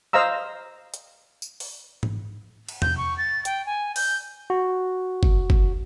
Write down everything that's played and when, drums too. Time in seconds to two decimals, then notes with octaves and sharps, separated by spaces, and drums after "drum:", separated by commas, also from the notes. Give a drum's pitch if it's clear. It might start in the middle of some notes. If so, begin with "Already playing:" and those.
0.13 C5 D#5 F5 A#5 E6
0.94 drum: hi-hat
1.42 drum: tambourine
1.60 drum: open hi-hat
2.03 drum: tom G#2
2.69 drum: cymbal
2.82 G6, drum: tom E2
2.97 C#6
3.18 A6
3.45 G5, drum: hi-hat
3.66 G#5
3.96 G6, drum: open hi-hat
4.50 F#4
5.23 drum: kick
5.50 drum: kick